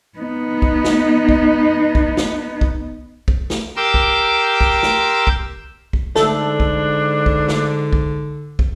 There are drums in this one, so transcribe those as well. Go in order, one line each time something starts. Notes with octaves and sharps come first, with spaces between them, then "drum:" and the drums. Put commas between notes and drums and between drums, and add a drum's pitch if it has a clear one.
B3 D#4
drum: kick
drum: snare
drum: kick
drum: kick
drum: snare
drum: kick
drum: kick
drum: snare
G4 A#4 G5 C6 D6 E6
drum: kick
drum: kick
drum: snare
drum: kick
drum: kick
G#2 D3 A3 D4 A4, drum: snare
drum: kick
drum: kick
drum: snare
drum: kick
drum: kick